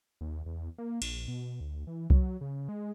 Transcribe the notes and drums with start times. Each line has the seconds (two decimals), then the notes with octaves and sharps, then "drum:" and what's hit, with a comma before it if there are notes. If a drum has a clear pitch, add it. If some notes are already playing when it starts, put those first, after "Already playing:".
0.21 D#2
0.46 E2
0.78 A#3
1.02 A#1, drum: cymbal
1.28 B2
1.60 D2
1.87 E3
2.10 F#3, drum: kick C2
2.41 C#3
2.69 G#3